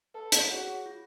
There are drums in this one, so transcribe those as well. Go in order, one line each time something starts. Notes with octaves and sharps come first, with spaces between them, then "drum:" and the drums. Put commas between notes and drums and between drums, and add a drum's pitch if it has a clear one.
A4 B4
C#5, drum: hi-hat
F#4 G#4
F4